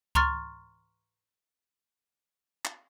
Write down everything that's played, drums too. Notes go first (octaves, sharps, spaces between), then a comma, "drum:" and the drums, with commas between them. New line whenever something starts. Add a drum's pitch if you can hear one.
A#5 C6 C#6 F6 A6, drum: kick C#2
drum: clap